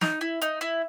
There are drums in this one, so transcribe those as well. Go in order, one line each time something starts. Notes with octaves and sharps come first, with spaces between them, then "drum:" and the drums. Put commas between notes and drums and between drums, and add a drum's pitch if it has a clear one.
D#4, drum: snare
E4
D#4, drum: hi-hat
E4